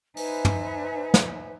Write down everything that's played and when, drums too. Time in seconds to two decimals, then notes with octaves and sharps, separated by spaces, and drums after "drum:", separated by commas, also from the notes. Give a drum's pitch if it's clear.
0.17 D#4 B4 C5 E5 G#5, drum: open hi-hat
0.45 drum: tom
1.14 drum: snare